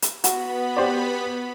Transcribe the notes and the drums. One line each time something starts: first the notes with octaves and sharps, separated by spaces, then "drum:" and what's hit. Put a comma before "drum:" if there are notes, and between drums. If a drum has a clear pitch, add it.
drum: hi-hat
B3 F#4 B5, drum: hi-hat
G4 C5 D5